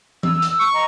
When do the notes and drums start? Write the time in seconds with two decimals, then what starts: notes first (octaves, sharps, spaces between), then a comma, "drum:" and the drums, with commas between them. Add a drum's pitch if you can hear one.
0.23 E6, drum: tom E3
0.42 drum: hi-hat
0.59 C#6
0.73 C5 D#5 A#5